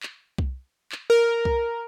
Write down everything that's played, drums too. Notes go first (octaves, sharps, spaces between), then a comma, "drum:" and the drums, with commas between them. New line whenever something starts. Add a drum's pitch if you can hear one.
drum: clap
drum: kick C2
drum: clap
A#4
drum: kick C2